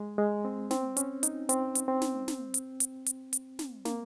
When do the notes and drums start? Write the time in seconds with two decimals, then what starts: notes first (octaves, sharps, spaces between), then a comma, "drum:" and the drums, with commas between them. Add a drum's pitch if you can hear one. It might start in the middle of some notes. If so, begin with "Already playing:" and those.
Already playing: G#3
0.18 G#3
0.45 C4
0.71 C4, drum: snare
0.97 C#4, drum: hi-hat
1.23 D#4, drum: hi-hat
1.49 C4, drum: hi-hat
1.75 drum: hi-hat
1.88 C4
2.02 drum: snare
2.28 drum: snare
2.54 drum: hi-hat
2.80 drum: hi-hat
3.06 drum: hi-hat
3.33 drum: hi-hat
3.59 drum: snare
3.85 A#3, drum: snare